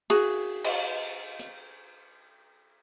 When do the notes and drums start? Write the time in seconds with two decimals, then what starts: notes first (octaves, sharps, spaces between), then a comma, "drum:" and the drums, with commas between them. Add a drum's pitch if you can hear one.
0.10 F#4 G#4, drum: cymbal
0.64 drum: cymbal
1.39 drum: hi-hat